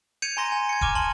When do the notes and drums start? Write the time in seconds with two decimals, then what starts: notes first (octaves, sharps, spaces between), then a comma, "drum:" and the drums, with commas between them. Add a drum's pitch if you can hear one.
0.22 G6 G#6 C#7 D#7 F7
0.37 G#5 A#5 C6 A#6 C#7
0.52 G#5
0.69 G#6 C#7
0.81 G#5 A#5 C#6 D6 F6 D#7, drum: kick D#1
0.95 A5 C6 F#7